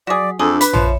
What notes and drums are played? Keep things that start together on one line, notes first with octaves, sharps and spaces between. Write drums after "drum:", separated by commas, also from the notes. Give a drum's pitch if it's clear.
F#3 F#4 G#4 D5
F2 D4 G#4 A4
B4 B5, drum: hi-hat
F3 C#5 E5, drum: tom A#1